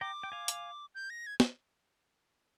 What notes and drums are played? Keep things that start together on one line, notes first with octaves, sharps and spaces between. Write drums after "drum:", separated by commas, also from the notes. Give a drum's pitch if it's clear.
G5 A#5 D6
G5
F5 G#5
drum: hi-hat
G6
A#6
G#6
drum: snare